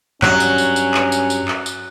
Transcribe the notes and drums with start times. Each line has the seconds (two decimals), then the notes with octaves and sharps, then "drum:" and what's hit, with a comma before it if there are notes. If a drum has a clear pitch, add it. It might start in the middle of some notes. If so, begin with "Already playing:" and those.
0.22 G2 F#3 C#4 F#6, drum: clap
0.40 drum: tambourine
0.58 drum: tambourine
0.76 drum: tambourine
0.94 drum: clap
1.12 drum: tambourine
1.30 drum: tambourine
1.48 drum: clap
1.66 drum: tambourine